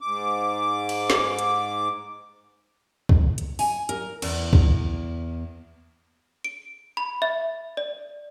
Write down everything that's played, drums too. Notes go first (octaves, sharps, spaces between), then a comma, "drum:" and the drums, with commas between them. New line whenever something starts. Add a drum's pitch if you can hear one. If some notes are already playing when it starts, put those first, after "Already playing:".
G#2 D6
drum: cymbal
drum: snare
drum: hi-hat
drum: kick
drum: hi-hat
G#5, drum: open hi-hat
A#4, drum: hi-hat
E2, drum: cymbal
drum: kick
D7
B5
E5
D5